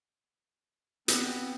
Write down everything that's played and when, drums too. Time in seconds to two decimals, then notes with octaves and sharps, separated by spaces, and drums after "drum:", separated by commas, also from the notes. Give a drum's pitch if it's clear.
1.08 B3 C4, drum: hi-hat